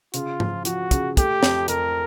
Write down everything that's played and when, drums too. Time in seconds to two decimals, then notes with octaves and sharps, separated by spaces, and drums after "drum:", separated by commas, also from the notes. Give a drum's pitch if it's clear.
0.14 C#3 F4, drum: hi-hat
0.40 F3, drum: tom G#2
0.65 F3 F#4, drum: hi-hat
0.91 C#3, drum: kick, hi-hat
1.17 A3 G4, drum: kick, hi-hat
1.43 F2, drum: snare
1.68 F2 A#4, drum: hi-hat